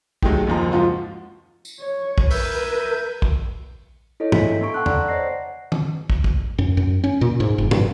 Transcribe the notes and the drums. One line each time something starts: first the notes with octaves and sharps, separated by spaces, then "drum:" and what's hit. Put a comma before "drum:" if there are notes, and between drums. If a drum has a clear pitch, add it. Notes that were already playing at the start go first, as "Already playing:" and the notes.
D#3 F#3 G#3 A3 D#4 G4, drum: kick
F#1 D#2 F3 A#5
G#2 F3 F4 F#4
drum: tambourine
C#5
drum: kick
A#4 B4 E5 G6 G#6, drum: open hi-hat
drum: kick
E4 A4 C#5 D#5
E5 G#5 B6, drum: tom
B3 D4 A4 A#5 C#6 D7
F#5 G5 A5 C6 E6 F#6
D5 F#5 A#5, drum: tom E2
C5 C#5 D#5 A#6 C7
drum: tom
drum: kick
drum: kick
F#2
F#2
C#4
A#2
G#2
F1
G2, drum: tom